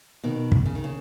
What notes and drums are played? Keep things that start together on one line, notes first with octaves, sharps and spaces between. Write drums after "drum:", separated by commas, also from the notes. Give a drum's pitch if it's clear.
B2 D#3
drum: kick
C#3
D#3
C#3